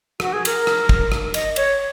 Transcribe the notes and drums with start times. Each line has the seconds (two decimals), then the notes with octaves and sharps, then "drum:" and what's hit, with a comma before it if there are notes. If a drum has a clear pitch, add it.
0.20 F#4, drum: rim click
0.32 G#4
0.45 A#4, drum: cymbal
0.67 drum: rim click
0.89 drum: kick
1.12 drum: rim click
1.34 D#5, drum: cymbal
1.56 C#5, drum: cymbal